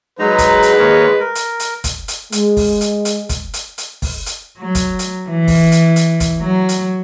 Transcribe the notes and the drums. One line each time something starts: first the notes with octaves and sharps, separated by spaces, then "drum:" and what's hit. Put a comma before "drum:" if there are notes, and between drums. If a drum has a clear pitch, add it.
F#3 G#3 D#4 B4 A#5
drum: kick, hi-hat
drum: hi-hat
D#2 A#4 C#5
A#4
drum: hi-hat
drum: hi-hat
drum: kick, hi-hat
drum: hi-hat
G#3, drum: hi-hat
drum: kick, open hi-hat
drum: hi-hat
drum: hi-hat
drum: kick, hi-hat
drum: hi-hat
drum: hi-hat
drum: kick, open hi-hat
drum: hi-hat
F#3
drum: kick, hi-hat
drum: hi-hat
E3
drum: kick, open hi-hat
drum: hi-hat
drum: hi-hat
drum: kick, hi-hat
F#3
drum: hi-hat